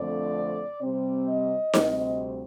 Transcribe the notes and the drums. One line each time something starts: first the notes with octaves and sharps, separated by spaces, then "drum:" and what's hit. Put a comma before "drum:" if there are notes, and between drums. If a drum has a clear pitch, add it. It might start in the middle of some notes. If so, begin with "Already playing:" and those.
Already playing: F2 D3 A3 C4 D5
C3 G3 C4
D#5
D2 C3 G3 C4, drum: snare D#4